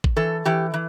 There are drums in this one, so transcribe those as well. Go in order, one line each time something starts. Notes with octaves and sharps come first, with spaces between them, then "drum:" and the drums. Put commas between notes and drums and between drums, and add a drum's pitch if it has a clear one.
drum: kick A1
E3 A4
E3 G4
E3